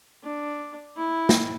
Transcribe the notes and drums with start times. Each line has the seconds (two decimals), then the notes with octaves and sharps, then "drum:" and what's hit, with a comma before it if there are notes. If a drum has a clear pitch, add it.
0.24 D4
0.97 E4
1.29 drum: snare